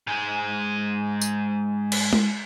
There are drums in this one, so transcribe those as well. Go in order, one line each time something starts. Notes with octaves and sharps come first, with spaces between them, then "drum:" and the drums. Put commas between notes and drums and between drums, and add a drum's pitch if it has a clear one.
G#2 G#3
drum: tambourine
drum: cymbal
drum: tom G#3